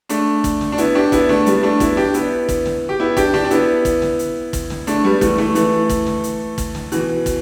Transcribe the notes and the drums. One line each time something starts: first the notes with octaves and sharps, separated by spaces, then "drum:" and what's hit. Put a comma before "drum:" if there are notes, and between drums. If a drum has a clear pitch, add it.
A3 D4, drum: hi-hat
drum: kick, hi-hat
drum: snare
D4
B3 E4, drum: hi-hat
D4 G4
B3 E4, drum: kick, hi-hat
A3 D4, drum: snare
G3 B3, drum: hi-hat
A3 D4
B3 E4, drum: kick, hi-hat
D4 G4, drum: snare
B3 E4, drum: hi-hat
drum: kick, hi-hat
drum: snare
G4
B3 E4
D4 G4, drum: kick, hi-hat
D4 G4, drum: snare
D4
B3 E4, drum: hi-hat
drum: kick, hi-hat
drum: snare
drum: hi-hat
drum: kick, hi-hat
drum: snare
A3 D4, drum: hi-hat
G3 B3
E3 A3, drum: kick, hi-hat
E3 A3, drum: snare
E3 A3, drum: hi-hat
drum: kick, hi-hat
drum: snare
drum: hi-hat
drum: kick, hi-hat
drum: snare
B2 E3, drum: hi-hat
drum: kick, hi-hat